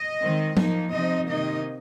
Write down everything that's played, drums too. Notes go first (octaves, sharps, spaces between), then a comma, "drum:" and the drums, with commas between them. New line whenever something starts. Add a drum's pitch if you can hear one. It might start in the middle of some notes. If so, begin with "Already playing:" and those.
Already playing: D#5
D#3 G#3 C4
F3 A#3 D#4, drum: tom F3
C3 F3 C4 D#4 D#5
C3 D#3 A#3 D#4 D#5